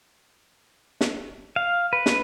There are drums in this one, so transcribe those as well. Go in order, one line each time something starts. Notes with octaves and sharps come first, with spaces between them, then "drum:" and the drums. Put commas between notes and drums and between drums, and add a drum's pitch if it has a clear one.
drum: snare
F5
B4
drum: snare